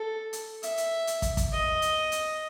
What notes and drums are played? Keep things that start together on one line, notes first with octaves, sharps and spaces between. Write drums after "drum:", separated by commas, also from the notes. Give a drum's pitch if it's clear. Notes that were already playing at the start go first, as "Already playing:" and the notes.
Already playing: A4
drum: hi-hat
E5, drum: hi-hat
drum: hi-hat
drum: hi-hat
drum: kick, hi-hat
drum: kick, hi-hat
D#5
drum: hi-hat
drum: hi-hat